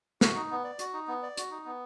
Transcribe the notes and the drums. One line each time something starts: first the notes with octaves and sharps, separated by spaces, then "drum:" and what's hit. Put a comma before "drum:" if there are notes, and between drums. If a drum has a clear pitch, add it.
F#4, drum: snare
D#4
B3
D5
F#4, drum: hi-hat
D#4
B3
D5
F#4, drum: hi-hat
D#4
B3